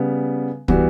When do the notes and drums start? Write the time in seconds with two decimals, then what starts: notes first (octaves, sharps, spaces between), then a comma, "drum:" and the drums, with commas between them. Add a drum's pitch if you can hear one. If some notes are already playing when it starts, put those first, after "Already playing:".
Already playing: C#3 G3 B3
0.68 E3 G3 B3 F#4, drum: kick